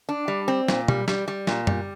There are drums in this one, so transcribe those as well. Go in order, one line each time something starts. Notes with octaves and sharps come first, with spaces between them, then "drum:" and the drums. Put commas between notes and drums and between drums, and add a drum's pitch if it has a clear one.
D4
G3
C4
A#2, drum: snare
G3, drum: tom B2
G3, drum: snare
G3
A#2, drum: snare
G3, drum: tom F#2